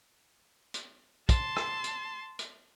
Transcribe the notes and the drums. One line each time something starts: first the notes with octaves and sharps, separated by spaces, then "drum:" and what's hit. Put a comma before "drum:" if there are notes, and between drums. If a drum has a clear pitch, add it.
drum: hi-hat
A5 C6, drum: kick, hi-hat
drum: rim click
drum: hi-hat
drum: hi-hat